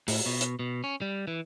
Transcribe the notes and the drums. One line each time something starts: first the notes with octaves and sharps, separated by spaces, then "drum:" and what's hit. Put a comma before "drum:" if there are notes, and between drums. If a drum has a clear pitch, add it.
A2, drum: open hi-hat
B2
drum: hi-hat
B2
C#4
G3
E3